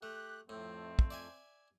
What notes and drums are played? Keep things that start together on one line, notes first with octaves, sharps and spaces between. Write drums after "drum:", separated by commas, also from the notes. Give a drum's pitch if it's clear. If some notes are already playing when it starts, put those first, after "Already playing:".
A3 G4 F#6
F2 A2 A3 C4
drum: kick
D5 E5 G#5